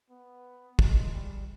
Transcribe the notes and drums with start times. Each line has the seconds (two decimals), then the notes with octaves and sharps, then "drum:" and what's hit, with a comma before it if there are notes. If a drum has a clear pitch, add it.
0.10 B3
0.79 G#3, drum: kick
1.14 G3